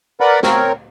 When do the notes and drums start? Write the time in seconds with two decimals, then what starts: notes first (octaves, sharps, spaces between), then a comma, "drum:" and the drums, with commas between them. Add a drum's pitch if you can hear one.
0.20 A#4 B4 D5 F#5 B5
0.43 C4 A#4 C#5, drum: snare